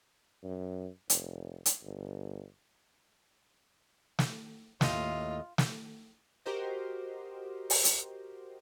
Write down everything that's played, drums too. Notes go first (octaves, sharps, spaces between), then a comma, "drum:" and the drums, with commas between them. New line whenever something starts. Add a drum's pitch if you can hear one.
F#2
F1, drum: hi-hat
drum: hi-hat
G1
drum: snare
D#2 A2 F4 D#5, drum: snare
drum: snare
F#4 G4 A#4 C5 D#5
drum: open hi-hat
drum: hi-hat